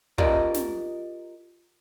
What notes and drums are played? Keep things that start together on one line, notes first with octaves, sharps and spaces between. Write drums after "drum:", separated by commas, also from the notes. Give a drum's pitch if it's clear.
F4 G4 A#4 D5 D#5, drum: kick
drum: snare